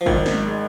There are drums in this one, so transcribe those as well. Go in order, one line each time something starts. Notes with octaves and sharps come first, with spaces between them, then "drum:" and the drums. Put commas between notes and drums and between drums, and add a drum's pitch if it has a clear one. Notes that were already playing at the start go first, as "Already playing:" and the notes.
F3
G#1 D#3, drum: kick G#1
drum: snare
G#3